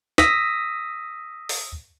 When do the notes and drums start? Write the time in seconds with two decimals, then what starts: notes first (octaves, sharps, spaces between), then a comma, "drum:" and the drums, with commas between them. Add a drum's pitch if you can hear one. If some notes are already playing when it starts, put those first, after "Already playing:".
0.18 D#6 E6 A#6 B6, drum: snare
1.49 drum: open hi-hat